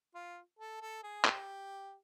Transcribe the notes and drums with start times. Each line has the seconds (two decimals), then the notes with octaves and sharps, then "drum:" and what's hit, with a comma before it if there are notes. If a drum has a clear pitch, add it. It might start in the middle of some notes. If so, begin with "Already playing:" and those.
0.15 F4
0.59 A4
0.81 A4
1.03 G#4
1.25 G4, drum: clap